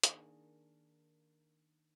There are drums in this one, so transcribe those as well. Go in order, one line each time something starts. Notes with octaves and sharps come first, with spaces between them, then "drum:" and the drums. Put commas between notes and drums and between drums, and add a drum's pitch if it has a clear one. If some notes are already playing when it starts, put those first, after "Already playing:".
D#3 A#3 D4 G#4, drum: hi-hat